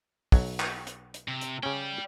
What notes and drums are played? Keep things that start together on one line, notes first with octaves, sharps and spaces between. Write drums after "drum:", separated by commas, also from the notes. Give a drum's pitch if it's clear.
B1 F#3, drum: kick, open hi-hat
drum: clap
drum: hi-hat
drum: hi-hat
C3
drum: hi-hat
C#3 C#4 D5 G5